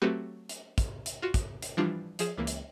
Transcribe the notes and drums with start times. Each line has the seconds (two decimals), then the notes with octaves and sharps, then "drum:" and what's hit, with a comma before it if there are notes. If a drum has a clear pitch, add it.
0.02 F#3 A3 C4 F#4 G4 B4
0.49 drum: hi-hat
0.78 drum: kick, hi-hat
1.06 drum: hi-hat
1.22 F4 F#4
1.34 drum: kick, hi-hat
1.62 drum: hi-hat
1.77 E3 F3 G3 D4 F4
2.19 F3 G#4 E7, drum: hi-hat
2.37 C#2 E3 A#3
2.47 drum: hi-hat